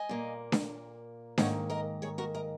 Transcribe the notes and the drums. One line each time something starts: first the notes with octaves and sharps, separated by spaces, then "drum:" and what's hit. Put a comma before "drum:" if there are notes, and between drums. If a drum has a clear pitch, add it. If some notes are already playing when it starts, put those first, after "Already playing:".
Already playing: D#5 G#5
A#2 A#3
drum: snare D4
G#2 D#3 A#3 C#5 F#5, drum: snare D4
A#4 D#5
G#4 C#5
F#4 A#4
A#4 D#5